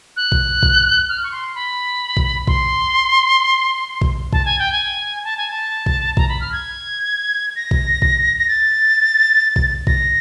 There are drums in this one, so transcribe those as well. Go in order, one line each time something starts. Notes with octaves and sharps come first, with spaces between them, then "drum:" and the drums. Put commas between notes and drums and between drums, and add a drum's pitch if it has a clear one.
F#6
drum: kick A#1
drum: kick A#1
F6
C#6
C6
B5
drum: kick A#1
C6, drum: kick A#1
drum: kick A#1
A5, drum: kick A#1
G#5
G5
G#5
A5
G#5
A5
drum: kick A#1
A#5, drum: kick A#1
B5
F6
G#6
A#6
drum: kick A#1
drum: kick A#1
A#6
A6
drum: kick A#1
A#6, drum: kick A#1